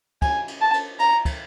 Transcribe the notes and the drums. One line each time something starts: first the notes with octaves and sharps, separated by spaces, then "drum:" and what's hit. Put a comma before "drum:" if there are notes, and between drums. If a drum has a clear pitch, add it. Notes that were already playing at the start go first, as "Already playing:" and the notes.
G#5, drum: kick, cymbal
drum: cymbal
A5
drum: cymbal
A#5, drum: cymbal
drum: kick, cymbal